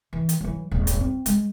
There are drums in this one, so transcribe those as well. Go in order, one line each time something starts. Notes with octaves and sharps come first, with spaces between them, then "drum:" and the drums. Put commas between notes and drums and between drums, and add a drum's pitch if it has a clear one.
E3
drum: hi-hat
E3 F#3
D#1 G#1
drum: hi-hat
C4
G#3, drum: hi-hat